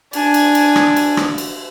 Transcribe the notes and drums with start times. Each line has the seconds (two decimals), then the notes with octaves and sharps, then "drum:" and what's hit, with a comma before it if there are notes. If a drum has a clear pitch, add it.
0.13 D4 G#5, drum: cymbal
0.34 drum: cymbal
0.55 drum: cymbal
0.76 drum: rim click
0.96 drum: cymbal
1.17 drum: rim click
1.38 drum: cymbal